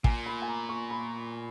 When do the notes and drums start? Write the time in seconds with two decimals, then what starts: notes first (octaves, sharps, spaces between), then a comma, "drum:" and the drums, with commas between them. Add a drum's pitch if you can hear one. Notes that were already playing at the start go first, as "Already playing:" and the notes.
0.04 A#2 G#5, drum: kick
0.26 B5
0.42 G#5
0.48 A#5
0.69 C#6
0.90 B5